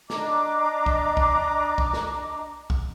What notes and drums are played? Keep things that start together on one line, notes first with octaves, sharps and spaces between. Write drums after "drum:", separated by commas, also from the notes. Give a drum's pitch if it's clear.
D4 D#5 A#5 D6, drum: snare
drum: kick B1
drum: kick B1
drum: kick B1
drum: snare
drum: kick B1